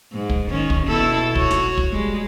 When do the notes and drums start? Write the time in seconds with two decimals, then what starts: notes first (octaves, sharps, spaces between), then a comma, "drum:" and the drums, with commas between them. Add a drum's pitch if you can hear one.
0.12 G#2
0.29 drum: kick
0.49 D#3 C#4
0.70 drum: kick
0.86 B2 E4 A4
1.35 F#4 C#5, drum: kick
1.51 drum: snare
1.77 drum: kick
1.91 G3 G#3